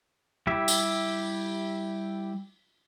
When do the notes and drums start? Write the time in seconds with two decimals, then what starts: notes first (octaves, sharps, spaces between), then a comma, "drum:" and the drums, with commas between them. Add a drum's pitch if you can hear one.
0.47 G3 E4 G4 E5
0.68 drum: tambourine